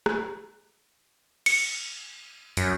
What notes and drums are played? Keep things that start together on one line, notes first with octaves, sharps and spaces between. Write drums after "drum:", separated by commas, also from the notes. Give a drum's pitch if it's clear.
drum: rim click
C#7, drum: cymbal
F#2, drum: hi-hat